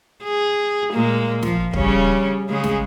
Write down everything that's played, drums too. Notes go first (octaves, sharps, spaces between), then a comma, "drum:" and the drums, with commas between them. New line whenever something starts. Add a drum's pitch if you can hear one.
G#4
A#2 G#3 A#3
F3, drum: snare
C#3 G3 C#4, drum: kick
C#3 G#3 G#4
drum: snare